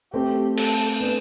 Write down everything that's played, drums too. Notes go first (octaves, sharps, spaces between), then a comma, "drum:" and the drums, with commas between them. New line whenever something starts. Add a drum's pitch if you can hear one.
A3 C4 G4
A4, drum: cymbal
B3 D4